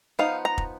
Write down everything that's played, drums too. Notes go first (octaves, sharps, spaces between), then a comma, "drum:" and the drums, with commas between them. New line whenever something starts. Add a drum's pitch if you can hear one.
F3 B3 D#4 F5
A#5
drum: kick